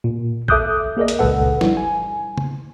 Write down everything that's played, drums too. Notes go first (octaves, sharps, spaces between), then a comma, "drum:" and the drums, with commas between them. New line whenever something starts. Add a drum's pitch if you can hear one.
A#2
A4 E5 D6 D#6 F#6 G6, drum: kick
A#3 G#4 A#4 D5 D#5
drum: hi-hat
G1 C#2 A#2 A4 B4 F#5
G3 E4, drum: snare
G#5
drum: tom